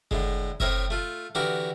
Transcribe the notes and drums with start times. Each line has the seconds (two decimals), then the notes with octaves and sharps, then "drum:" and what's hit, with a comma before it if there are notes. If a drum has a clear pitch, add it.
0.11 A2 D3 G#3, drum: kick F#1
0.60 A2 C4 A#4 C#5 D#5 E5, drum: kick F#1
0.90 A3 F4
1.35 D3 E3 F#4 G4 A#4